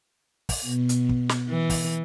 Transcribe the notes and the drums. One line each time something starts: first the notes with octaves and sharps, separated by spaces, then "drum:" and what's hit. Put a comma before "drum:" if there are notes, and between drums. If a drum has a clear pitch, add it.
drum: kick, open hi-hat
B2
drum: hi-hat
drum: kick
drum: snare
E3
drum: kick, open hi-hat